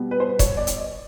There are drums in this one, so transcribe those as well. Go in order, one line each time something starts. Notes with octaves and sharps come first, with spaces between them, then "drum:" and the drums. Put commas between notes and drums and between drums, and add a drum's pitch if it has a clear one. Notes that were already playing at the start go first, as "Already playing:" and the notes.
Already playing: B2 G3 B3
B4
C5
B4
C#5, drum: kick E1, hi-hat
D5
drum: hi-hat
D#5